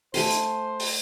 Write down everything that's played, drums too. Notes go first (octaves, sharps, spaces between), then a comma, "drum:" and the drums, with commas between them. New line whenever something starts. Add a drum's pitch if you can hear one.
A3 C5 G#5 C6, drum: open hi-hat
drum: hi-hat
drum: open hi-hat